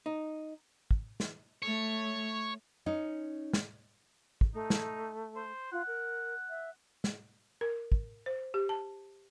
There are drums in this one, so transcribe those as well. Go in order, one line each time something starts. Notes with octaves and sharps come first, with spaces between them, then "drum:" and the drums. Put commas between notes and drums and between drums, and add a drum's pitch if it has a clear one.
D#4
drum: kick
drum: snare
A3 C#5
C#4 D#4
drum: snare
drum: kick
A3 D#4
drum: snare
C5
F4 F#5
A#4
E5
drum: snare
A#4
drum: kick
C5
G4
A5